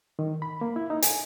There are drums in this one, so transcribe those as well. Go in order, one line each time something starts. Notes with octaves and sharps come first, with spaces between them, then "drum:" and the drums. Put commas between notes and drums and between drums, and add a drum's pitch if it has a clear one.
D#3
B5
A#3
E4
D#4
G#5, drum: hi-hat